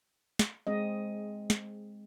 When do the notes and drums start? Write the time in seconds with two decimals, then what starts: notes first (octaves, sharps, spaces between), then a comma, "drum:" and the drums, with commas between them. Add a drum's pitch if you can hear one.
0.39 drum: snare
0.67 G#3 C4 D#5
1.50 drum: snare